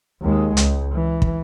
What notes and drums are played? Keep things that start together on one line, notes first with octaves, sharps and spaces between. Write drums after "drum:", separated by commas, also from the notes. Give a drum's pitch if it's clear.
D#2 G#3
C#2, drum: hi-hat
E3
drum: kick